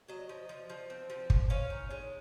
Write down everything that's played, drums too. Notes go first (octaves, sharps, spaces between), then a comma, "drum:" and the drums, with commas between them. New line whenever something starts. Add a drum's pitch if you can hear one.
F#3 D#5
F3
F3
F3
C4
F3
F3, drum: kick
C#4 F5
D#3
G#3